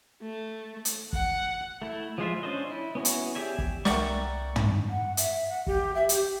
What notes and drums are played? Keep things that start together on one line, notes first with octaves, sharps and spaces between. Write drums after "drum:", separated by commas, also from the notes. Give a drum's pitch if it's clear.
A3
drum: hi-hat
F#5, drum: kick
A3 E4
F3 G#3 F4 E5
C#4 D4 C5 D#5
E4
B3 C#4 E4 F#4
drum: hi-hat
G4 G#4 D5 E5 G#5
drum: kick
C2 A#4 D5 E5 F#5 G5 A#5 C#6, drum: snare
drum: tom
F#5
E5, drum: hi-hat
F#5
G4, drum: kick
E5
G4, drum: hi-hat